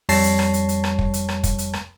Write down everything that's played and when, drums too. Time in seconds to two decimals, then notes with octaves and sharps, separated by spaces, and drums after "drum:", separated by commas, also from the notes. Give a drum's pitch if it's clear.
0.09 F2 G3 C#5 A5 A#6 C7, drum: open hi-hat
0.24 drum: hi-hat
0.39 drum: rim click
0.54 drum: hi-hat
0.69 drum: hi-hat
0.84 drum: rim click
0.99 drum: kick
1.14 drum: hi-hat
1.29 drum: rim click
1.43 drum: kick, hi-hat
1.58 drum: hi-hat
1.73 drum: rim click